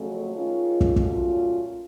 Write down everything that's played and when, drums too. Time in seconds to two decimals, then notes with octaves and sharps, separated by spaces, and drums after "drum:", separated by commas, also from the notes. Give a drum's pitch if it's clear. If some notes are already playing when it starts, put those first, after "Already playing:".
Already playing: F2 C#3 F#3 A3 C#4
0.32 D#3 G#3 C#4 F4
0.81 drum: kick
0.96 A#2 F#3 A3 C#4 F4, drum: kick